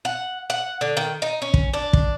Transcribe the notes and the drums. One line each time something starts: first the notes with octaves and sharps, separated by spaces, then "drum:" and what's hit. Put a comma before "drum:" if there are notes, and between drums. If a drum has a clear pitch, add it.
F#5
F#5
D3
D#3
D#4
C#4
drum: kick
D4
drum: kick